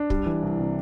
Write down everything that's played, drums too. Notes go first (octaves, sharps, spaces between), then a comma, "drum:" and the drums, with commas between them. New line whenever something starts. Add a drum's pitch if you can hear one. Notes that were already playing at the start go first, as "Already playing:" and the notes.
Already playing: D4
G3, drum: kick
E3
C2
C3